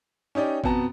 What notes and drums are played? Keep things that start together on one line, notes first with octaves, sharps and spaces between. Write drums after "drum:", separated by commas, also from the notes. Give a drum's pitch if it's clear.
C#4 D#4 G4 D5
F2 B2 B3 A5 A#5, drum: kick G#1